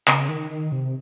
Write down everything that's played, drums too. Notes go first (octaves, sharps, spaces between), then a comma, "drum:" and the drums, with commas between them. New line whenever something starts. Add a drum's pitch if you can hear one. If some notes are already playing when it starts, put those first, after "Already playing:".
C#3, drum: clap
D#3
D#3
C3